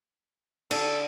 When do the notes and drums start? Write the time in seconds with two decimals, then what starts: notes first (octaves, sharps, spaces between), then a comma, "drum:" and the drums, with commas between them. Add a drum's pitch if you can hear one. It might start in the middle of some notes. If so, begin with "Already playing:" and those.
0.71 D3 A4, drum: cymbal